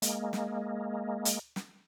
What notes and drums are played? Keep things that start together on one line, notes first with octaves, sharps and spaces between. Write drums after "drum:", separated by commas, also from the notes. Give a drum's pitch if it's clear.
G#3 A#3, drum: hi-hat
drum: snare
drum: hi-hat
drum: snare